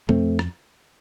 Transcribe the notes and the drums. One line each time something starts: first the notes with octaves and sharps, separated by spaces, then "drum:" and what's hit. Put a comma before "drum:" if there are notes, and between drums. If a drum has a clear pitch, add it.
F2 A3 C4, drum: tom
drum: rim click